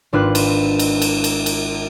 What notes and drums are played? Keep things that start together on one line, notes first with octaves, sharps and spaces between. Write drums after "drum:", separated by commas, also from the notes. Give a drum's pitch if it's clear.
G#1 D4 F4 B4 F#6
drum: cymbal
drum: cymbal
drum: cymbal
drum: cymbal
drum: cymbal